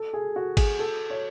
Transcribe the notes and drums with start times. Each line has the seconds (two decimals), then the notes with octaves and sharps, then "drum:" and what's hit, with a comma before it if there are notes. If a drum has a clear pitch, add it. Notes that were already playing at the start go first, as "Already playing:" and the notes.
Already playing: A4
0.13 G#4
0.36 F#4
0.57 G#4, drum: kick G#1, cymbal
0.79 A4
1.10 C#5